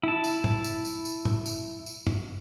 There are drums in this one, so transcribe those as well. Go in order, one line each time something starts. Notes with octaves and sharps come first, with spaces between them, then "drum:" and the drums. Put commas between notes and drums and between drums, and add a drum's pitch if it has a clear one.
E4 A5
drum: tambourine
drum: tom
drum: tambourine
drum: tambourine
drum: tambourine
drum: tom
drum: tambourine
drum: tambourine
drum: tom